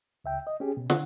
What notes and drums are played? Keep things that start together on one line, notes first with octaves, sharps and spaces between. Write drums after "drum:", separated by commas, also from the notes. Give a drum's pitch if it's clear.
C#2 E5 G5
D#5
C#4 G4 G#4
B2
D3 F#5, drum: snare